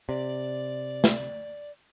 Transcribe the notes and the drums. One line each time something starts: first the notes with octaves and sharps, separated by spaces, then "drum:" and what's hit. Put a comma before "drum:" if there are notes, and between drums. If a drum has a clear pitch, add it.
C3 D5
drum: snare